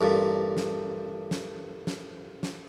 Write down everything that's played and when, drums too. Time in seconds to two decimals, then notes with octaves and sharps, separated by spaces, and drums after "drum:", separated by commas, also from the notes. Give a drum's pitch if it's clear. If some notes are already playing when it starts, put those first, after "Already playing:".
0.01 A1 G2 A#2
0.57 drum: snare
1.31 drum: snare
1.87 drum: snare
2.43 drum: snare